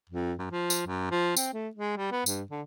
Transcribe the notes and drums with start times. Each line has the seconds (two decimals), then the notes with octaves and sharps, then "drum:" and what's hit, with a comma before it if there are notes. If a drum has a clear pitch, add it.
0.10 F2
0.39 F#2
0.51 F3
0.70 drum: tambourine
0.87 F#2
1.11 F3
1.37 C4, drum: tambourine
1.54 A3
1.75 G#3
1.97 G3
2.12 B3
2.26 G2, drum: tambourine
2.51 D3